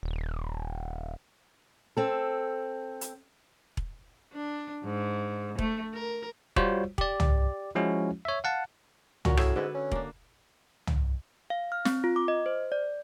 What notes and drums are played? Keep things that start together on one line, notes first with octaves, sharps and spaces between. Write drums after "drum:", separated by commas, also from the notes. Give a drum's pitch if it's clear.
D#1
C4 A4
drum: hi-hat
drum: kick E1
D4
G#2
A3, drum: kick E1
A#4
G3 F4 F#4 C5 C#5, drum: kick E1
G4 D5, drum: kick E1
drum: tom
F3 G#3 C#4 E4 F#4
C#5 E5
F5 F#5 A5
A#2 C#4 F#4 A#4, drum: tom
A2 G#4 E5, drum: rim click
G#2 D3 B4
C#4
A#3 D4, drum: kick E1
drum: tom
F5
F6
C4, drum: snare
F4
D6
D#5
C5
D5